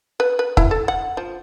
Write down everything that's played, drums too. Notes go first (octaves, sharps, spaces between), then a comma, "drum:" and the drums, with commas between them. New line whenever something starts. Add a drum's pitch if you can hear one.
B4
B4
E4, drum: kick
A4
F#5
F3